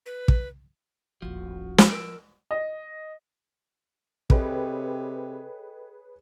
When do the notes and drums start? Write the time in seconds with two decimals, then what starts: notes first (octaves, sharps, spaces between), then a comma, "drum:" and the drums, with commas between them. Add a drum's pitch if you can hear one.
0.06 B4
0.28 drum: kick
1.22 D#1 A1 F3 F#4
1.78 drum: snare
1.91 A#4 E6
2.51 D#5
4.30 C3 G#4 A4 B4 C#5 D#5 G5, drum: kick